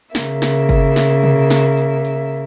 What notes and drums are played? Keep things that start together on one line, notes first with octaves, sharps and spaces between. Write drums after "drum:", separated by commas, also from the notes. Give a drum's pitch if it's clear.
C#3 A#3 E5, drum: snare
drum: snare
drum: kick G1, tambourine
drum: snare
drum: tom
drum: snare
drum: tambourine
drum: tambourine